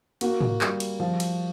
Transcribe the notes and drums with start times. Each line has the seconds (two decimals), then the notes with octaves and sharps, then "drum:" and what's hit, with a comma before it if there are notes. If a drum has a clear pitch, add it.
0.21 A#3 F#4, drum: cymbal
0.41 drum: tom
0.61 G3, drum: clap
0.80 drum: cymbal
1.00 F3
1.20 drum: cymbal